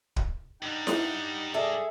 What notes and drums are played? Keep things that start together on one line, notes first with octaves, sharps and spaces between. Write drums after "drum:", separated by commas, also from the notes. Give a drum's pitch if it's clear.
drum: kick
G2 G3 D#4 F#5
drum: snare E4
G#4 A4 D5 E5